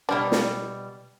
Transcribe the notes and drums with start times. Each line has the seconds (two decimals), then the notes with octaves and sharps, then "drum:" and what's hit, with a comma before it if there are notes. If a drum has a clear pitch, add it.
0.09 B2 G3 D4 D5
0.32 drum: snare